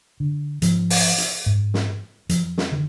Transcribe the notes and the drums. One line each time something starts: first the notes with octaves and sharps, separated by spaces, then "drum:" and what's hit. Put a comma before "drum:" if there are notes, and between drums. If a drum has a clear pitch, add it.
D3
G#2 F3, drum: hi-hat
drum: open hi-hat
drum: hi-hat
G#2
drum: snare
F2 F3, drum: hi-hat
drum: snare
D3 D#3